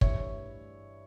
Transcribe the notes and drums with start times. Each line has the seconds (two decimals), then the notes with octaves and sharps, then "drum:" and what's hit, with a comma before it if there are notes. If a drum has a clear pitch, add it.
0.01 G2 E3 C#5 E5, drum: kick